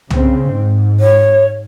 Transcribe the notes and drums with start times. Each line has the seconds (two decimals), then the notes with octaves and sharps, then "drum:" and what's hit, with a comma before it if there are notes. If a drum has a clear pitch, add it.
0.10 C#3 C4, drum: tom C2
0.55 G#2
1.00 C#5